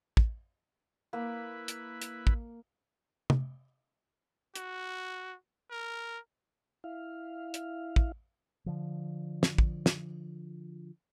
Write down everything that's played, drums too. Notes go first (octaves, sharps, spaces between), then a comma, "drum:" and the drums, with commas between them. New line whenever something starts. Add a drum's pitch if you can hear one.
drum: kick
A#3 E4 B4
drum: hi-hat
drum: hi-hat
drum: kick
drum: tom C3
F#4, drum: hi-hat
A#4
E4 F5
drum: hi-hat
drum: kick
D3 F3
drum: snare
drum: kick
drum: snare